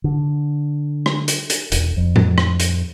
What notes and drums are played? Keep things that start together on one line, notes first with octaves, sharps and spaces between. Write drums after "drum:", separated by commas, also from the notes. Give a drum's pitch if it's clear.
D3
drum: rim click
drum: hi-hat
drum: hi-hat
E1, drum: hi-hat
F2
drum: tom A2
drum: rim click
drum: hi-hat